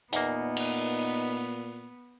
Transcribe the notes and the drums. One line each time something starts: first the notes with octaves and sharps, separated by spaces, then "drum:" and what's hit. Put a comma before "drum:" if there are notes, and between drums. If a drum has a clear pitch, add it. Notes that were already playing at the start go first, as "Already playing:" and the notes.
E2 A#2 A#3 B3 D#4, drum: open hi-hat
drum: cymbal